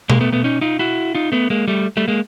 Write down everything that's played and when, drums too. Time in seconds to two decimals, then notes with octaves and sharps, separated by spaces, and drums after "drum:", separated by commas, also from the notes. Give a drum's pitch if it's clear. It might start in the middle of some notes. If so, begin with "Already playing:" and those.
0.10 G#3 A#3, drum: tom B2
0.21 A3 B3
0.32 A3 B3
0.44 C#4 D#4
0.61 D#4 F4
0.79 E4 F#4
1.15 D#4 F4
1.32 A3 B3
1.50 G#3 A#3
1.68 G3 A3
1.97 G3 A3
2.08 G#3 A#3